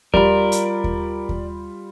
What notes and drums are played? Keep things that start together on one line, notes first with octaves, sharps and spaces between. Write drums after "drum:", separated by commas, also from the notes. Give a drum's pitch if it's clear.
G3 F4 A#4 D5 B5, drum: kick D#2
drum: hi-hat
drum: kick D#2
drum: kick D#2